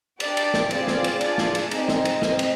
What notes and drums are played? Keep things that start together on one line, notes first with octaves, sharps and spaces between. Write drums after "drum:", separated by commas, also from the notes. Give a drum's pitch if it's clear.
D4 G4 D5, drum: cymbal
drum: cymbal
drum: snare
C4 F4 G#4 D5, drum: cymbal
drum: snare
drum: cymbal
D4 F4 G#4, drum: cymbal
drum: snare
drum: cymbal
C4 D#4 G#4 D#5, drum: cymbal
drum: snare
drum: cymbal
C4, drum: snare
drum: cymbal